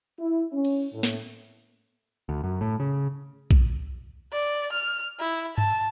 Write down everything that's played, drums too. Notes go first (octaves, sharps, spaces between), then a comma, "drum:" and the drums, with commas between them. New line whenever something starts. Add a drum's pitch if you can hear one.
E4
C#4
drum: cymbal
A2
drum: snare
D2
F#2
A2
C#3
drum: kick A#1
D5
drum: open hi-hat
F6
E4
A5, drum: tom G2